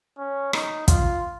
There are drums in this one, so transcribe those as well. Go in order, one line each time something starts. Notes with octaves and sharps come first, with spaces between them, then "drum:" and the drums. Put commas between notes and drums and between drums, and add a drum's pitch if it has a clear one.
C#4
D#4, drum: rim click
F4, drum: kick, hi-hat